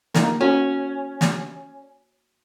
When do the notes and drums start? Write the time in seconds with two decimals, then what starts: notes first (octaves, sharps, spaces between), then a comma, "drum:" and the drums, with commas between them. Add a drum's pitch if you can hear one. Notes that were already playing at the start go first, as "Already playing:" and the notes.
0.14 A#3 D#4 A#4, drum: snare
0.41 C#4 F#4
1.21 drum: snare